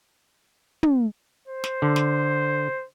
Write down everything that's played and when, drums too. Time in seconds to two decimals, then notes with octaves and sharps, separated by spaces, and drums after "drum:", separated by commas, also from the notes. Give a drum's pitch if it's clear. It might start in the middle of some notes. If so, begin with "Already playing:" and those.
0.83 drum: tom
1.47 C5
1.64 drum: snare
1.82 D3
1.96 drum: snare